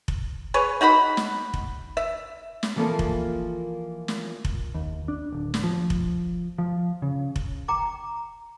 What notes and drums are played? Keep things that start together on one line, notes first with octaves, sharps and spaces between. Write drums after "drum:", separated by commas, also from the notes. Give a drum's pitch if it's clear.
drum: kick F1
G#4 B4 C#5
D#4 F#4 F#5 B5
drum: snare
drum: kick F1
E5
drum: snare
E3 F3 A#3 F4 A4 A#4
drum: kick F1
drum: snare
drum: kick F1
D#2
D4
D1
drum: snare
F3
drum: kick F1
F3
C#3
drum: kick F1
G5 A#5 D6